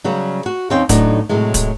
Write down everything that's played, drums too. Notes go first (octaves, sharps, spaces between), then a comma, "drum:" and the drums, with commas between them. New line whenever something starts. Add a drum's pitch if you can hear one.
C#3 F#3 G3 B3
F#4
D#2 C4 C#4 D#4 G5
A2 F#3 B3 D4 D#4 B4, drum: kick, hi-hat
A2 C3 F#3 G#3
drum: kick, hi-hat